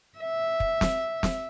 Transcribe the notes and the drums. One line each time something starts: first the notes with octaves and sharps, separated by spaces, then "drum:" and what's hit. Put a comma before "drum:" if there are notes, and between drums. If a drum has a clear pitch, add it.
E5
drum: kick
drum: snare
drum: snare